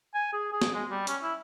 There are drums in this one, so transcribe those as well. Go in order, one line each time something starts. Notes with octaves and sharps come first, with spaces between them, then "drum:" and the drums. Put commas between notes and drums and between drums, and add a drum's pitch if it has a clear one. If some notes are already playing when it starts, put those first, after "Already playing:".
G#5
G#4
G#4
drum: snare
G#3
G3
C#4, drum: hi-hat
E4